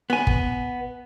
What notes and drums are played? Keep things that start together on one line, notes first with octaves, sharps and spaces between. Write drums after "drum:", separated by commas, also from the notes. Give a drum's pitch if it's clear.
B3 G#5
drum: kick